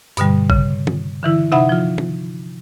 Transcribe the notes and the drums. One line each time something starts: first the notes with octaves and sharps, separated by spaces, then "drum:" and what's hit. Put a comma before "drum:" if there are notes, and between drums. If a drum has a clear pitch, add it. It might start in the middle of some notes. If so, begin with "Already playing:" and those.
G2 B2 D3 G3, drum: hi-hat
C#3, drum: kick A1
drum: tom D#3
D3 E3 E4
C3 D#4 E5 F#5 B5
F3 F4
drum: tom D#3